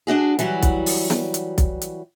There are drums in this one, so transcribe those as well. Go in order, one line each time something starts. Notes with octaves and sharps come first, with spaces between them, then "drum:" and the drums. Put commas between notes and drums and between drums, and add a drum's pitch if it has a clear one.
D4 D#4 F#4 G#4
E3 F#3 G3 F#4, drum: hi-hat
drum: kick B1, hi-hat
drum: open hi-hat
drum: snare
drum: hi-hat
drum: kick B1, hi-hat
drum: hi-hat